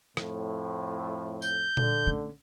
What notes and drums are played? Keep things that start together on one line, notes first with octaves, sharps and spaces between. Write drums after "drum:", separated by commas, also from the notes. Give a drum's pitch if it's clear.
F2 A2, drum: rim click
G6, drum: tambourine
D3, drum: tom A#2
A3 C#4